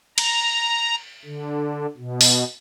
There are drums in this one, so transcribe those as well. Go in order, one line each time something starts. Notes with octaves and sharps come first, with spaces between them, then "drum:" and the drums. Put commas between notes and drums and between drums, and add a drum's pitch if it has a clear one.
A#5, drum: cymbal
D3
B2
drum: open hi-hat